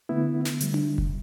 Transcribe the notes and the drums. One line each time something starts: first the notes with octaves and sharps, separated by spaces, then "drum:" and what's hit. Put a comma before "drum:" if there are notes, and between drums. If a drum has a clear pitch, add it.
D3 A3 B3 E4
drum: snare
D3 G3, drum: hi-hat
drum: tom D4
drum: kick F1